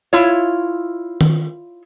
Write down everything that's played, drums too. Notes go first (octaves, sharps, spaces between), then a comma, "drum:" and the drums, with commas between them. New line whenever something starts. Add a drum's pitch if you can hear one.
E4 F4 C#5
drum: tom D#3